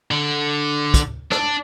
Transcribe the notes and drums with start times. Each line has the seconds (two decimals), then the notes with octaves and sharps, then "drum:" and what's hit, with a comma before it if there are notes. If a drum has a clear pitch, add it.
0.11 D3
0.94 drum: kick, hi-hat
1.31 D4, drum: rim click